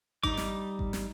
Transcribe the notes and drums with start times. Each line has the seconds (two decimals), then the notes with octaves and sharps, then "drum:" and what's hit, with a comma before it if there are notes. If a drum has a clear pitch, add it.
0.23 G3 D#4 D6, drum: kick G#1
0.37 drum: snare
0.79 drum: kick G#1
0.93 drum: snare